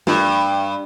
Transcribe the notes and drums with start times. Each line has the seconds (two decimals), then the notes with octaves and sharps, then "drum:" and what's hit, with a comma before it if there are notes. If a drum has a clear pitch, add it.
0.07 G2, drum: snare